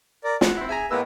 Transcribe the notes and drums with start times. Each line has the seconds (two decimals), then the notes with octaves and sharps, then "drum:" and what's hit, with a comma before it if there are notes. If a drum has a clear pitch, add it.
0.24 A#4 D5
0.41 F#5, drum: snare
0.57 C4 E4
0.69 G#4 E5 G#5 A#5
0.91 A2 G#3 A#3 B3 B4 E6